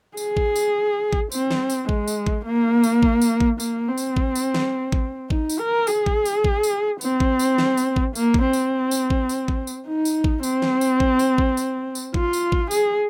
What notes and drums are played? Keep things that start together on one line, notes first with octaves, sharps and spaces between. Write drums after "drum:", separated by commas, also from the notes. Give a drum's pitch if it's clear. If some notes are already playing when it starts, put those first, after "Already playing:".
G#4, drum: tambourine
drum: kick A1
drum: tambourine
drum: kick A1
C4, drum: tambourine
drum: snare
drum: tambourine
G#3, drum: kick A1
drum: tambourine
drum: kick A1
A#3
drum: tambourine
drum: kick A1
drum: tambourine
drum: kick A1
A#3, drum: tambourine
C4
drum: tambourine
drum: kick A1
drum: tambourine
drum: snare
drum: kick A1
D#4, drum: kick A1
drum: tambourine
A#4
G#4, drum: tambourine
drum: kick A1
drum: tambourine
drum: kick A1
drum: tambourine
C4, drum: tambourine
drum: kick A1
drum: tambourine
drum: snare
drum: tambourine
drum: kick A1
A#3, drum: tambourine
drum: kick A1
C4
drum: tambourine
drum: tambourine
drum: kick A1
drum: tambourine
drum: kick A1
drum: tambourine
D#4
drum: tambourine
drum: kick A1
C4, drum: tambourine
drum: snare
drum: tambourine
drum: kick A1
drum: tambourine
drum: kick A1
drum: tambourine
drum: tambourine
F4, drum: kick A1
drum: tambourine
drum: kick A1
G#4, drum: tambourine